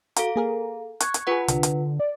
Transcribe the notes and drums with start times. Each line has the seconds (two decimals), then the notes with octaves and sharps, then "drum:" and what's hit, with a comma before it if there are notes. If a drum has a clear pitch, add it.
0.16 F#4 A4 F5 A#5, drum: hi-hat
0.36 A#3 G#4 A#4
1.00 C#6 F#6 G#6, drum: hi-hat
1.14 drum: hi-hat
1.27 F4 G#4 B4 F#5 B5
1.48 C2 D3, drum: hi-hat
1.63 drum: hi-hat
2.00 D5